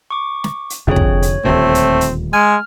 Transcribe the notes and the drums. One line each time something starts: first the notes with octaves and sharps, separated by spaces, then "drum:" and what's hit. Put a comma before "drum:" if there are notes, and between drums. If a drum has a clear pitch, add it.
C#6 D6
drum: snare
drum: hi-hat
F1 F2 D3 C4 G#4 C#5
drum: kick
C#5, drum: hi-hat
D#1 D2 A#2 A3 C4
drum: hi-hat
drum: hi-hat
G#3 G#5 F6